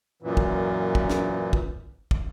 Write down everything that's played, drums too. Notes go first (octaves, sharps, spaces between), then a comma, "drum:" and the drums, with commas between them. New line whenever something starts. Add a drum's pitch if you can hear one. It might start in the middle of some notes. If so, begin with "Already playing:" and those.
F#2 A#2 E3
drum: kick
drum: kick
drum: snare
drum: kick
drum: kick